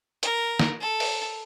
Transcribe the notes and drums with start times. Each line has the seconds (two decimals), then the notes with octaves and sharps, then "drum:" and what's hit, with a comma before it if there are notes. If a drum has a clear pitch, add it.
0.23 A#4, drum: hi-hat
0.59 drum: snare
0.80 A4
1.00 drum: open hi-hat